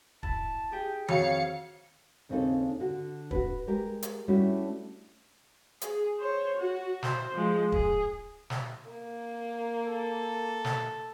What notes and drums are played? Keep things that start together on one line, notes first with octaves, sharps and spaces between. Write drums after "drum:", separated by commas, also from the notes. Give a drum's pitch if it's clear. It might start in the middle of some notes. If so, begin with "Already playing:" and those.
E4 A5, drum: kick
G4 G#4 G5
F2 F#4 C#5 F5 C#7, drum: tom D#3
D#2 C#3 C4 D4 D#4 A4
D3 F#4
F#4 B4, drum: kick
G#3 G4 A#4
drum: hi-hat
G3 A3 C#4 D4 E4 F#4
G#4, drum: hi-hat
C5 C#5
F#4
C5, drum: snare
F3 G#3
G#4, drum: kick
drum: snare
A#3
A4
drum: snare